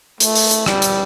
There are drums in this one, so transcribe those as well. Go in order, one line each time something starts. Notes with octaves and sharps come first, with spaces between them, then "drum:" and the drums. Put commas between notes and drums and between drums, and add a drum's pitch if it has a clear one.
A3, drum: hi-hat
drum: open hi-hat
drum: hi-hat
G3, drum: rim click
drum: hi-hat